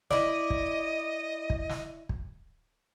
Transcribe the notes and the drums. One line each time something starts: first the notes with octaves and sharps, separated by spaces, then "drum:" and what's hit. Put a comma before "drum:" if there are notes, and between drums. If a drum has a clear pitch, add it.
E4 D5 D#5, drum: snare
drum: kick
drum: kick
drum: snare
drum: kick